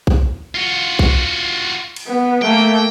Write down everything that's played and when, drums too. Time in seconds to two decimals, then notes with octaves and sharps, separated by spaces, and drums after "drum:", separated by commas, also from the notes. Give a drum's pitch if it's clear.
0.07 drum: kick
0.55 F4 F#4
0.99 drum: kick
1.96 drum: cymbal
2.07 B3
2.42 A3 A#3 G5